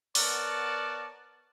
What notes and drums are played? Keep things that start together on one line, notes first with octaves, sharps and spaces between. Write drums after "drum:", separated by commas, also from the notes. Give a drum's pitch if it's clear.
B3 A#4 C#5 D5 F#5 A5, drum: open hi-hat